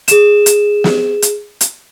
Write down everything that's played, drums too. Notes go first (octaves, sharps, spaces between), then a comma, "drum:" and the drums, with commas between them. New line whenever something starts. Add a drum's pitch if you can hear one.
G#4 E7, drum: hi-hat
drum: hi-hat
drum: snare
drum: hi-hat
drum: hi-hat